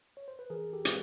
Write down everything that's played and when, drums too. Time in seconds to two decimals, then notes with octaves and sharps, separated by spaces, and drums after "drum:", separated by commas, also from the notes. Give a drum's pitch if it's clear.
0.17 C#5
0.28 C5
0.39 B4
0.50 E3 G#4 A#4
0.73 G4 A4
0.85 G#3, drum: hi-hat